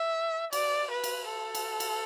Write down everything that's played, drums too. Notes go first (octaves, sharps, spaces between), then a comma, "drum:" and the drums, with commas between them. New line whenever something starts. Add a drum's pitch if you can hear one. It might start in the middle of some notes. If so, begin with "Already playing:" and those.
Already playing: E5
D5, drum: cymbal
B4
drum: cymbal
A4
drum: cymbal
drum: cymbal